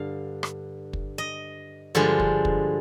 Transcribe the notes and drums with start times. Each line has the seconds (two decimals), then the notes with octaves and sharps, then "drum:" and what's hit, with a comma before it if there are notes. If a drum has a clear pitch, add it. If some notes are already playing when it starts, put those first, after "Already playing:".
Already playing: G2 D3 F5
0.43 drum: rim click
0.93 drum: kick
1.18 D#5
1.95 G2 D3 F3 G#3
2.20 drum: kick
2.45 drum: kick